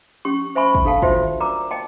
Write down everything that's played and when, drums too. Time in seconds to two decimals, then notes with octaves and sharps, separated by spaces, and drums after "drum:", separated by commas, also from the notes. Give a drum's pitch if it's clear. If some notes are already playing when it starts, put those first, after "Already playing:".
0.25 C#4 G4 C#6
0.55 C5 E5 G#5 B5 C#6
0.75 drum: kick
0.85 D4 A4 F5 A5
1.02 F4 F#4 C5 E5, drum: kick
1.16 drum: tom D3
1.41 A#4 D5 A#5 D6
1.71 D#5 G5 A5